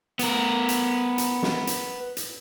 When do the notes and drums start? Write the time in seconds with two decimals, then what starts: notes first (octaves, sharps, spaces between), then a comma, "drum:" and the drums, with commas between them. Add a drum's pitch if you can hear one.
0.19 B3 A#4, drum: hi-hat
0.69 drum: hi-hat
1.18 drum: hi-hat
1.43 drum: snare
1.67 drum: hi-hat
2.17 drum: hi-hat